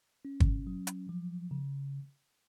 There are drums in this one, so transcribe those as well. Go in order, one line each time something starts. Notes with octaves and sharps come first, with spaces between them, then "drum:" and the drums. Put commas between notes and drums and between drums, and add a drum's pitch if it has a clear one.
C#4
drum: kick
F#3
drum: hi-hat
F3
C#3